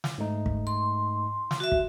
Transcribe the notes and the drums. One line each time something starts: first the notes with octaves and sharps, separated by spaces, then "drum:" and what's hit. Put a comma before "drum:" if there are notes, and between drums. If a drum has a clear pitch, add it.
drum: snare
G#2 A3 D#4
drum: kick
C6
drum: snare
F#4 E5
drum: kick